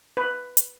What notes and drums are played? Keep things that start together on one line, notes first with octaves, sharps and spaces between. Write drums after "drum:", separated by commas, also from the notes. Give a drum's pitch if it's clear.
B4
drum: hi-hat